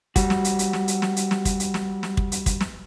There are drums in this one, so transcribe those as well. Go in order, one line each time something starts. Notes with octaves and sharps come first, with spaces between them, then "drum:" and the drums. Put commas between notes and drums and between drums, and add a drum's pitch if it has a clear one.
G3 F#4, drum: kick, hi-hat
drum: snare
drum: hi-hat
drum: hi-hat
drum: snare
drum: hi-hat
drum: snare
drum: hi-hat
drum: snare
drum: kick, hi-hat
drum: hi-hat
drum: snare
drum: snare
drum: kick
drum: hi-hat
drum: kick, hi-hat
drum: snare